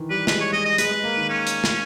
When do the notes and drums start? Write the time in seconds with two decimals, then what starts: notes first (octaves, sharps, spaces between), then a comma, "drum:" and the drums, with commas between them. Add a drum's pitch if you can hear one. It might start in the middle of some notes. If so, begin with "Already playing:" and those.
Already playing: D#3 E3
0.10 G3 B4
0.27 G#3 B4, drum: snare
0.41 C#5
0.53 G#3 D#5
0.65 D#5
0.78 G#3 B4, drum: hi-hat
0.91 G#3
1.03 A#3
1.17 D#3
1.30 C#4
1.47 drum: hi-hat
1.64 drum: snare